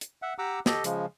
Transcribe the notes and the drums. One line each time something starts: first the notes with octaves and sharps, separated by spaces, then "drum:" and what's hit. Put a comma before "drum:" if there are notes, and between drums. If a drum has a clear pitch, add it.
drum: hi-hat
E5 F#5
G4 F#5 A#5 D6 E6
G4 A4 D#5, drum: snare
C#3 F3 G#3, drum: hi-hat